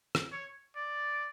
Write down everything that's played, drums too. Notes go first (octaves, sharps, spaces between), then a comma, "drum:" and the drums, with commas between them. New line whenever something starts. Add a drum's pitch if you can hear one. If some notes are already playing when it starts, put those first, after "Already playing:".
drum: rim click
C#5
D5